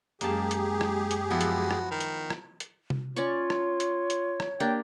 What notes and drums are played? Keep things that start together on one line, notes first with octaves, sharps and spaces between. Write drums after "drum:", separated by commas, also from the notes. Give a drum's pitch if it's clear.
F#2 G#3 A#3 G4 G#4 F5 A5, drum: hi-hat
drum: hi-hat
drum: rim click
drum: hi-hat
F3 B3 E4 F#4
drum: hi-hat
drum: rim click
D#3
drum: hi-hat
drum: rim click
drum: hi-hat
drum: tom C3
C#4 F4 C#5 D5 C#6
drum: rim click
drum: hi-hat
drum: hi-hat
drum: rim click
A#3 D4 G4 G5